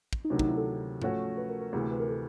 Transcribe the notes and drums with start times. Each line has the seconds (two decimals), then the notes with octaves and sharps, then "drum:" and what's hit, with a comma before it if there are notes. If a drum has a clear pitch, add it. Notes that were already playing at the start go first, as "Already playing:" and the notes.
0.13 drum: kick
0.25 D#4
0.30 D2 C3 D#3 F#3 D4
0.39 D#4, drum: kick
0.48 E4
0.57 A4
1.02 F3 A3 C#4 F#4, drum: tom G#2
1.38 B4
1.49 A#4
1.61 A#4
1.73 D2 C3 E3 G#4
1.91 B4
2.00 A#4
2.09 A4